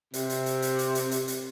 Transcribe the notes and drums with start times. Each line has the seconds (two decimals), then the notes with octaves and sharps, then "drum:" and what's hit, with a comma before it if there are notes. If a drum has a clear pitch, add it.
0.14 C3, drum: hi-hat
0.30 drum: hi-hat
0.46 drum: hi-hat
0.62 drum: hi-hat
0.79 drum: hi-hat
0.95 drum: hi-hat
1.11 drum: hi-hat
1.28 drum: hi-hat